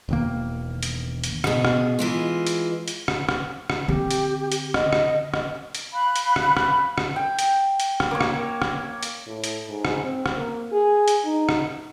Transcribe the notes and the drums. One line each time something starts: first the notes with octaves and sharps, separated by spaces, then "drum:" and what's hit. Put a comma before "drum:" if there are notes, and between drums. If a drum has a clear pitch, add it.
E1 D#3 A#3
drum: hi-hat
drum: hi-hat
B2 G#4, drum: rim click
drum: rim click
E3 G#3 F4
drum: hi-hat
drum: hi-hat
drum: rim click
drum: rim click
drum: rim click
D3 C4 G4
drum: hi-hat
drum: hi-hat
D#5, drum: rim click
drum: rim click
drum: rim click
drum: hi-hat
F5 B5 F#6
drum: hi-hat
drum: rim click
drum: rim click
drum: rim click
G5
drum: hi-hat
drum: hi-hat
drum: rim click
A#3 C#5
drum: rim click
drum: rim click
drum: hi-hat
A2
drum: hi-hat
G#2
drum: rim click
C4
drum: rim click
A#3
G#4
drum: hi-hat
D#4
drum: rim click